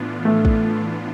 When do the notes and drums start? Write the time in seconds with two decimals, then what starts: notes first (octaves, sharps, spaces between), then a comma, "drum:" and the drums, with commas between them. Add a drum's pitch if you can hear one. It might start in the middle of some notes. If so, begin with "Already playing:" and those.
Already playing: A2 E3 B3 D4 F4
0.25 A3
0.45 drum: kick